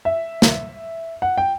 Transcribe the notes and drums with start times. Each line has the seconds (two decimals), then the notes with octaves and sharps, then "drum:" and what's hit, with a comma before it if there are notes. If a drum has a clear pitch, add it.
0.05 E5
0.42 drum: snare
1.22 F#5
1.38 G5